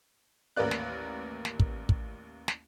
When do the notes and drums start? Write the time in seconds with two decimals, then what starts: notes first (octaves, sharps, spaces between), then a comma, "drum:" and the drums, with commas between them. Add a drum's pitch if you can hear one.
0.56 A1 D#2 A#4 B4 D5 F#6
0.71 drum: snare
1.45 drum: snare
1.60 drum: kick
1.89 drum: kick
2.48 drum: snare